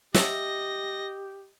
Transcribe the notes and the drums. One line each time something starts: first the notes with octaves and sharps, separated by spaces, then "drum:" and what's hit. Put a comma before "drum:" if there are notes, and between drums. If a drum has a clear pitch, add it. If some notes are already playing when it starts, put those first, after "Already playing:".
G4 D#5 E5 F#5 A5 A#6, drum: snare